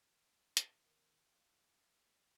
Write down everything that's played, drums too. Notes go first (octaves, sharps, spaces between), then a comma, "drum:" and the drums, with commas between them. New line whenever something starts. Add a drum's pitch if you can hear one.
G3 C#4 E4
drum: hi-hat
D#2 B3 A#4 B4
F3 A3 D#4
D4 E4 F4 A5
C#5 D#5 A5 A#5 D6 D#6